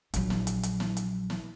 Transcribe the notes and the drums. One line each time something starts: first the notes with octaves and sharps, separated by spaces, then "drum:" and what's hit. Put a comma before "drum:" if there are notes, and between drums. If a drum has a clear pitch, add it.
A#1 F#3, drum: hi-hat
drum: snare
drum: hi-hat
drum: hi-hat
drum: snare
drum: hi-hat
drum: snare